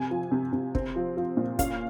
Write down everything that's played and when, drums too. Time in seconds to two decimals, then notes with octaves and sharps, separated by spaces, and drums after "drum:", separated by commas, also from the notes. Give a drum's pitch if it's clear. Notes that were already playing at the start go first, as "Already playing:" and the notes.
Already playing: C3 F3 G#5
0.11 F3
0.32 C3
0.53 C3
0.75 C4, drum: kick
0.96 F3
1.17 F3
1.37 A#2
1.59 C#4 F5, drum: kick, hi-hat